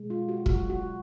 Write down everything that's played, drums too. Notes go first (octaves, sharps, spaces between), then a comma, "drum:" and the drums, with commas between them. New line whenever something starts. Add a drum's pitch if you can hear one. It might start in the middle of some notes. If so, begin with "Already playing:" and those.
Already playing: B2 G#3
F4
F#4
F#4, drum: kick
F#4